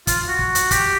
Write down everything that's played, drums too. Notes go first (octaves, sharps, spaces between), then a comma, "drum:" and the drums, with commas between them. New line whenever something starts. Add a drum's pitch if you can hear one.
F4, drum: kick, hi-hat
F#4
drum: kick
drum: hi-hat
G4, drum: kick, hi-hat